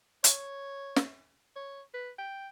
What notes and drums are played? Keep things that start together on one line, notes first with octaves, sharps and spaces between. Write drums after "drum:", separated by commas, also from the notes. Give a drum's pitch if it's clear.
C#5, drum: hi-hat
drum: snare
C#5
B4
G5